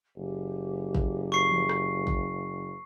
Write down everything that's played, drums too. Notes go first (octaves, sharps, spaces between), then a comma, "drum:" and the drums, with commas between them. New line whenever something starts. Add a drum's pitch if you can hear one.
F#1 G4
drum: kick
C#6 C7
drum: tom E3
drum: rim click
drum: kick